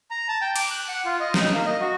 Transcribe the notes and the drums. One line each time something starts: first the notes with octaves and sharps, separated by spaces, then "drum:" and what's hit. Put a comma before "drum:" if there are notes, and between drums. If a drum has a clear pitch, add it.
A#5
A5
G5
D6, drum: cymbal
F#6
F#5
F4
D#5
D#4, drum: snare
A#3
D#5
F#4